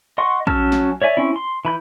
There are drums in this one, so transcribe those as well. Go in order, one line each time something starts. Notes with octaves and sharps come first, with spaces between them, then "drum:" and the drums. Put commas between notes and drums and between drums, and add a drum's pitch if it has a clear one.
D#5 F#5 C6 C#6
F#3 C#4 A5 E6 F6, drum: kick A#1
drum: snare
C#5 D5 E5 G#5
C4 C#4 E4
C6
E3 B5 G6